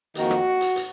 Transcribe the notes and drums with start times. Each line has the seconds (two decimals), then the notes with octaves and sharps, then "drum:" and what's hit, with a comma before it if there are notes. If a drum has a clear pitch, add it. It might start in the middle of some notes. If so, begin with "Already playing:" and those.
0.15 F2 D#3 A#3 D#4 F#4, drum: hi-hat
0.31 drum: rim click
0.61 drum: hi-hat
0.76 drum: hi-hat